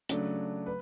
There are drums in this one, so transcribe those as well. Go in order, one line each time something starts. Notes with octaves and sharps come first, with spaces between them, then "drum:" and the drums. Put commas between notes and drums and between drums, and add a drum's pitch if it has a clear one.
C#3 F#3 A3 D4, drum: hi-hat
B4